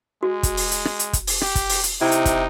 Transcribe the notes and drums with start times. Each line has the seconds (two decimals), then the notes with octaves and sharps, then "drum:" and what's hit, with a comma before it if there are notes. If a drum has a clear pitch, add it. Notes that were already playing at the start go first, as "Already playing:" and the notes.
0.23 G#3 F#4
0.43 drum: kick, hi-hat
0.57 drum: open hi-hat
0.71 drum: hi-hat
0.85 drum: rim click
0.99 drum: hi-hat
1.13 drum: kick, hi-hat
1.27 drum: open hi-hat
1.41 G4, drum: rim click
1.55 drum: kick, hi-hat
1.69 drum: open hi-hat
1.83 drum: hi-hat
2.01 C3 D#4 E4
2.12 drum: hi-hat
2.26 drum: kick, hi-hat